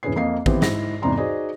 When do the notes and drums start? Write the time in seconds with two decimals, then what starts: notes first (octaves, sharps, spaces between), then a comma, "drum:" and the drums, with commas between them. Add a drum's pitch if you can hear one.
0.03 E1 C#4 E4 G#4 B4 C7
0.16 F2 A#3 D#5 F5 C7
0.46 D#3 E3 B3 C4 G4 C5, drum: kick
0.62 G#2 E4 A#6, drum: snare
1.02 E2 G#2 C3 D5 A#5 C6
1.17 D#4 F#4 G#4 C5 D5 D#5